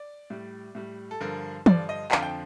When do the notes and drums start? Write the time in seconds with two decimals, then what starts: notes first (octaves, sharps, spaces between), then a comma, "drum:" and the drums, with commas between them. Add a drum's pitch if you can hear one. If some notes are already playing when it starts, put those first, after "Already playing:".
Already playing: D5
0.30 A2 G3
0.75 A2 G3
1.11 A4
1.20 G2 D3 F3 A#4
1.66 G2 D3 F3 D5, drum: tom
1.89 D#5
2.11 F2 D3 F3 F5, drum: clap
2.23 G5